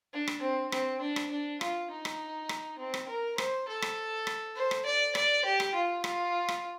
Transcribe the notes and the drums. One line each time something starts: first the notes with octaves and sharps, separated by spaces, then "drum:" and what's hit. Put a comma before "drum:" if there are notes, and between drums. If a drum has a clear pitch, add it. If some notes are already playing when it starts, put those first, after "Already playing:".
D4
drum: rim click
C4
C4, drum: rim click
D4
drum: rim click
D4
F4, drum: rim click
D#4
drum: rim click
drum: rim click
C4
drum: rim click
A#4
C5, drum: rim click
A4
drum: rim click
drum: rim click
C5
drum: rim click
D5
D5, drum: rim click
G4
drum: rim click
F4
F4, drum: rim click
drum: rim click